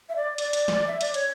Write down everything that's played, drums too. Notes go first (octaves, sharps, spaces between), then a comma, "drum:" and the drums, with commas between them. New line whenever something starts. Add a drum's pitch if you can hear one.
E5
D5
D5, drum: hi-hat
drum: hi-hat
drum: snare
E5
D5, drum: hi-hat
C#5, drum: hi-hat